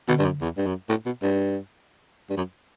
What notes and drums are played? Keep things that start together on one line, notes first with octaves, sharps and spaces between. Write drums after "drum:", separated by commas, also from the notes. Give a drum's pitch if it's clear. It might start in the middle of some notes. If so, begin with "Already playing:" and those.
B2, drum: tom D3
G2
F#2
E2
G2
F#2
A2
B2
G2
G2
F#2